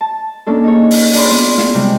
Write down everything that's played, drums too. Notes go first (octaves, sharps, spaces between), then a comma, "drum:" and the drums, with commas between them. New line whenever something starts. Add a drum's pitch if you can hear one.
A5
A#3 C#4 D4 A4
D#4 G#4 C#5
drum: open hi-hat
D4 G#4 D5 B5 C6, drum: open hi-hat
B3 C#4 F4
drum: snare
C3 G3 G#3